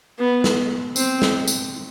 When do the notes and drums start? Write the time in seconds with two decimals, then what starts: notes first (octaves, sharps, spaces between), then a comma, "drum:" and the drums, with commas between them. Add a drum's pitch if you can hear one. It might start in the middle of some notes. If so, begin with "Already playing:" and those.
0.19 B3
0.44 drum: snare
0.96 C4, drum: tambourine
1.22 drum: snare
1.48 drum: tambourine